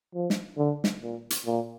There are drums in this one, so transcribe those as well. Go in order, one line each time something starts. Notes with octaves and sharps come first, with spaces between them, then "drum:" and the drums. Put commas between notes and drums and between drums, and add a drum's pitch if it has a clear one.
F3
drum: snare
D3
drum: snare
A#2
drum: hi-hat
A#2